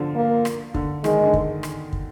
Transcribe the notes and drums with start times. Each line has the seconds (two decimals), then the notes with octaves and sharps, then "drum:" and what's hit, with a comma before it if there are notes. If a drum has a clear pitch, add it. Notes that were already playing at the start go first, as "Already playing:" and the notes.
Already playing: D3 F3
0.15 A#3
0.45 drum: rim click
0.74 D3, drum: kick
1.04 D#3 G#3, drum: rim click
1.24 D3
1.34 drum: kick
1.63 drum: rim click
1.93 drum: kick